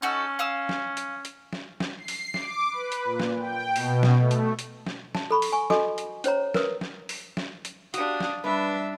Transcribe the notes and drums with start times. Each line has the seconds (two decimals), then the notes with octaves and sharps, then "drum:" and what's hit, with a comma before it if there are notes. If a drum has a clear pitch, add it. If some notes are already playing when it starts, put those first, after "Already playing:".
0.02 C#4 D#4 F#4 A4
0.39 F5 D#6 E6
0.69 drum: snare
0.97 drum: hi-hat
1.25 drum: hi-hat
1.53 drum: snare
1.80 drum: snare
1.97 C7
2.08 drum: open hi-hat
2.34 D6, drum: snare
2.70 B4
2.92 drum: hi-hat
3.04 A#2
3.20 drum: snare
3.39 G5
3.76 B2, drum: open hi-hat
4.03 drum: snare
4.19 A3
4.31 drum: hi-hat
4.59 drum: hi-hat
4.87 drum: snare
5.15 A5, drum: snare
5.31 A4 B5 C#6
5.42 drum: open hi-hat
5.52 G#5 C#6
5.70 F#4 A4 D#5 G#5 D6, drum: snare
5.98 drum: hi-hat
6.24 C#4 C5 C#5 A#5, drum: hi-hat
6.54 A#4 B4 D#6, drum: snare
6.81 drum: snare
7.09 drum: open hi-hat
7.37 drum: snare
7.65 drum: hi-hat
7.94 D4 F#4 G4 F5 D#6, drum: hi-hat
8.20 drum: snare
8.44 G3 D4 B4 E5